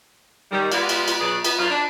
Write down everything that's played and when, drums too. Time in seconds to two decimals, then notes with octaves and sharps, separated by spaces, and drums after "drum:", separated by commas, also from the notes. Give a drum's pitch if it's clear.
0.51 D#3 G3
0.72 G#3 B3 F4 G4 D5 F#5, drum: cymbal
0.89 drum: cymbal
1.08 drum: cymbal
1.20 B2 F#3 B3 G#4 D5
1.44 B3, drum: cymbal
1.58 D3 F#3 B3 F4
1.70 D4